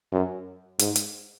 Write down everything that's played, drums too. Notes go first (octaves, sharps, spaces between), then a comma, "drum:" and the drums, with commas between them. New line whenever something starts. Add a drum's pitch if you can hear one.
F#2
G#2, drum: hi-hat
drum: hi-hat